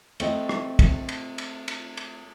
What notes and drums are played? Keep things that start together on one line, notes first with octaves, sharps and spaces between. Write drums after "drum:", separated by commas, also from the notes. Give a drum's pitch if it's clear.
A3 C4 D#5, drum: cymbal
drum: rim click
drum: kick, cymbal
drum: cymbal
drum: cymbal
drum: cymbal
drum: cymbal